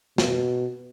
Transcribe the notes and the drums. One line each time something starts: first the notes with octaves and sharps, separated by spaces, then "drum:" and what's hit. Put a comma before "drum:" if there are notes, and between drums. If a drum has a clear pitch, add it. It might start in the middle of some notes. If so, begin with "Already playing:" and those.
B2, drum: snare